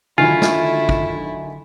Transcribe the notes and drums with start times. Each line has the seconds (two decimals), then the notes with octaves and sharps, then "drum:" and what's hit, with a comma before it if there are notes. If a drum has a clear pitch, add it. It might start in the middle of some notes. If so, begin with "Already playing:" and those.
0.18 D3 D#3 F#3 A3 E4 F4 G#5
0.42 drum: snare
0.89 drum: kick